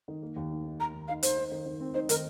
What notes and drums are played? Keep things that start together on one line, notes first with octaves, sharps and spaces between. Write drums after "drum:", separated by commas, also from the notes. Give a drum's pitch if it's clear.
D#3
A#3
D#2
D#4
D#3
A#3 A#5
D#2
D#4 F5
D#3 C5, drum: hi-hat
D#4
D#3
D#3
C4
D#4 C5
D#3 A#4, drum: hi-hat